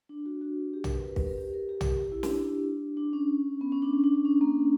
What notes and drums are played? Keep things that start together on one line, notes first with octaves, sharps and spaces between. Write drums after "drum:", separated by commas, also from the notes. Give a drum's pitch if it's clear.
D4
F#4
F#4
G4
A#4, drum: tom
B4
A#4
B4, drum: kick
A#4
G4
A#4
G4
drum: tom
G4
E4
D4, drum: snare
D4
C#4
B3
C#4
D4
C#4
D4
D4
C#4
A#3